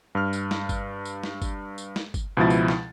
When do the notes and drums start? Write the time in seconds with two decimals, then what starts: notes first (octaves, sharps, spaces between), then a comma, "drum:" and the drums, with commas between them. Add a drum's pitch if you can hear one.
0.15 G2 F6
0.33 drum: tambourine
0.51 drum: snare
0.69 drum: kick, tambourine
1.05 drum: tambourine
1.24 drum: snare
1.42 drum: kick, tambourine
1.78 drum: tambourine
1.96 drum: snare
2.14 drum: kick, tambourine
2.37 C#2 B2 F3 E4 A6
2.50 drum: tambourine
2.68 drum: snare